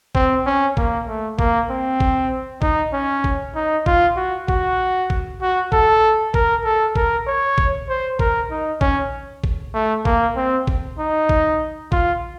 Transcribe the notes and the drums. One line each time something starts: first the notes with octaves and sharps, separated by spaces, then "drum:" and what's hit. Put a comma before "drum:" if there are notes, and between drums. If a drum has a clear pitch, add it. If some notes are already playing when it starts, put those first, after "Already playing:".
C4, drum: kick
C#4
A#3, drum: kick
A3
A#3, drum: kick
C4
drum: kick
D#4, drum: kick
C#4
drum: kick
D#4
F4, drum: kick
F#4
F#4, drum: kick
drum: kick
F#4
A4, drum: kick
A#4, drum: kick
A4
A#4, drum: kick
C#5
drum: kick
C5
A#4, drum: kick
D#4
C#4, drum: kick
drum: kick
A3
A#3, drum: kick
C4
drum: kick
D#4
drum: kick
F4, drum: kick